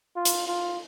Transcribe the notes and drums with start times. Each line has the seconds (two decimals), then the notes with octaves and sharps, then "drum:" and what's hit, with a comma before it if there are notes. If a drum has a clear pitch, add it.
0.16 F4
0.25 drum: hi-hat
0.47 F4